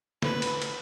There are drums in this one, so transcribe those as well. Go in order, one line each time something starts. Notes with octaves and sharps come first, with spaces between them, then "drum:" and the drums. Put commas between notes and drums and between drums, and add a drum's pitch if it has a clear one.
B4, drum: snare
drum: cymbal
drum: cymbal